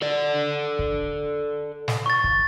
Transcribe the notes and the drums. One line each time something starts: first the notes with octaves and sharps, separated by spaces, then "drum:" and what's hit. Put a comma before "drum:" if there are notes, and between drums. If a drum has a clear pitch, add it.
A4 D5
drum: kick
drum: snare
C#6 A6
drum: kick